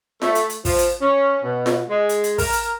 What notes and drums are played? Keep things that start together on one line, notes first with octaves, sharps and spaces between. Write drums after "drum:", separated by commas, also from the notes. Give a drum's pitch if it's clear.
A3, drum: snare F4
drum: hi-hat
drum: hi-hat
F3, drum: kick, open hi-hat
drum: hi-hat
C#4
B2
drum: snare F4
G#3
drum: hi-hat
drum: hi-hat
A#4, drum: kick, open hi-hat
drum: hi-hat